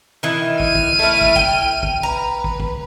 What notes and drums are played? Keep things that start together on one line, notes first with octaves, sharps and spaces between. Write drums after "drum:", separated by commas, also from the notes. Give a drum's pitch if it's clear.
D#3 E3
F6 D#7, drum: kick
drum: kick
A3 E4
drum: kick
G5, drum: kick
drum: kick
B4 A#5
drum: kick
drum: kick